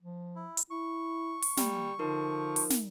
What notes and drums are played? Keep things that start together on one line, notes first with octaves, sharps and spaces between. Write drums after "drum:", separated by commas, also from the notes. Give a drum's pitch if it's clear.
F3
E4
drum: hi-hat
E4 C#6
drum: open hi-hat
G3 A#3, drum: snare
D3 F3 D#4 A#4
drum: open hi-hat
drum: snare